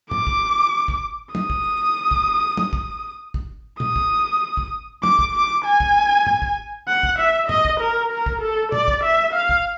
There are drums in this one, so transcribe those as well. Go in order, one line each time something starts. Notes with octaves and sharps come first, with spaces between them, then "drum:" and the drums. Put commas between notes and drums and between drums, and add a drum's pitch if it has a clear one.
D6, drum: tom
drum: kick
drum: kick
D#6, drum: tom
drum: kick
drum: kick
drum: tom
drum: kick
drum: kick
D#6, drum: tom
drum: kick
drum: kick
D6, drum: tom
drum: kick
D6
G#5
drum: kick
drum: tom
drum: kick
F#5
drum: kick
E5
D#5, drum: tom
drum: kick
A#4
A#4
drum: kick
A4
D5, drum: tom
drum: kick
E5
F5
drum: kick